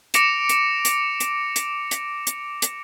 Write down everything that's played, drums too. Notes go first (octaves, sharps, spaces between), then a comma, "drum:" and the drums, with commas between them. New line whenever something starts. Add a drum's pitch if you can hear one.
D6 A#6 C#7 D7 E7 F7, drum: hi-hat
drum: hi-hat
drum: hi-hat
drum: hi-hat
drum: hi-hat
drum: hi-hat
drum: hi-hat
drum: hi-hat